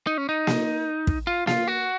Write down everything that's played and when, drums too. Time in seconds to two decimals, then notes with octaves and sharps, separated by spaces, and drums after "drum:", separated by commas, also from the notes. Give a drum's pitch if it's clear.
0.07 D#4
0.18 C#4
0.29 D#4
0.47 drum: snare A#3
1.07 drum: kick
1.27 F4
1.47 F4, drum: snare A#3
1.67 F#4